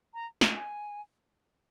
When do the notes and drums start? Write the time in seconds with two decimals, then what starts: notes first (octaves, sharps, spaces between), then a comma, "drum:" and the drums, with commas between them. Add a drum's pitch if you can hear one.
0.14 A#5
0.41 drum: snare
0.54 G#5